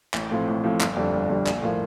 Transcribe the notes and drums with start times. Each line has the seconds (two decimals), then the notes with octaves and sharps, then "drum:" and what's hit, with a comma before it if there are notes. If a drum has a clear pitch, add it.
0.14 A1, drum: clap
0.31 A2 F3 C4
0.48 A1
0.64 A2 F3 C4
0.81 G1, drum: clap
0.97 F2 D3 G3 D4
1.13 G1
1.29 F2 D3 G3 D4
1.47 A#1, drum: clap
1.62 A2 F3 A#3